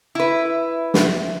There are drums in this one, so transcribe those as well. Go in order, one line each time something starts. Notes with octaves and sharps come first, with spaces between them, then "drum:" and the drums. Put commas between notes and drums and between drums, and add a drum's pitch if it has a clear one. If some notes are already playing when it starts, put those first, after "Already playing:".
E4 B4 E5
drum: snare